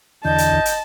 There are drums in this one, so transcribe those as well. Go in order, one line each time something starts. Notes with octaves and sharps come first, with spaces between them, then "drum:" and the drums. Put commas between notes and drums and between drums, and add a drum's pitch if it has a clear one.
E2 D3 D#5 A5 G6
drum: hi-hat
drum: kick
drum: hi-hat